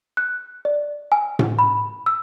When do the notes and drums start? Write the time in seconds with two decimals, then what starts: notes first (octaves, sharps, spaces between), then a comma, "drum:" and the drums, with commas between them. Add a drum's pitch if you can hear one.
0.17 F#6
0.65 D5
1.12 G#5
1.39 drum: tom A2
1.59 B5
2.06 E6